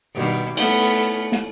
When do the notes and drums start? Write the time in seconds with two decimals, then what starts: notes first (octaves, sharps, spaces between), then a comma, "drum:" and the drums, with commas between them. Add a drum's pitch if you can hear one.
0.14 G2 B2 D#3
0.57 A3 B3 C#4, drum: cymbal
1.32 drum: snare